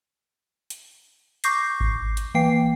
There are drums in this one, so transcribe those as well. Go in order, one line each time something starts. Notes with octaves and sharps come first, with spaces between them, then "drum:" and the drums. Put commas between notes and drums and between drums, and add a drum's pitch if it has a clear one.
drum: hi-hat
C#6 D6 G6 A#6 C7, drum: hi-hat
drum: kick G#1
drum: hi-hat
E3 A#3 G5 C7